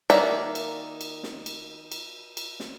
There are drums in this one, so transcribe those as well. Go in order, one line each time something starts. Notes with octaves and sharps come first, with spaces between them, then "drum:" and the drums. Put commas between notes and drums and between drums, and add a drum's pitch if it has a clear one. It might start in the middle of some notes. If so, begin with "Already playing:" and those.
D#3 A#3 D5 E5 A#5, drum: cymbal
drum: cymbal
drum: cymbal
drum: snare
drum: cymbal
drum: cymbal
drum: cymbal
drum: snare